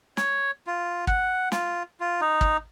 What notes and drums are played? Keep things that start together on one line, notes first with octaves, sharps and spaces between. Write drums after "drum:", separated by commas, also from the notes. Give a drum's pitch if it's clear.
C#5, drum: snare
F4
F#5, drum: kick
F4, drum: snare
F4
D#4
drum: kick